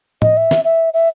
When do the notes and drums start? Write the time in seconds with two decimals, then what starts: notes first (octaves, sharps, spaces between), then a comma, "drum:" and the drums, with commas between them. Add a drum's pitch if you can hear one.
0.22 D#5, drum: tom A2
0.37 E5
0.51 drum: snare
0.64 E5
0.94 E5